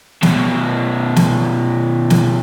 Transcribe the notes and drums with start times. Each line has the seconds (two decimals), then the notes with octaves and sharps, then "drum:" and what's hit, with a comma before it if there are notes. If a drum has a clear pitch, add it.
0.23 F#2 B2, drum: snare
1.16 drum: snare
2.10 drum: snare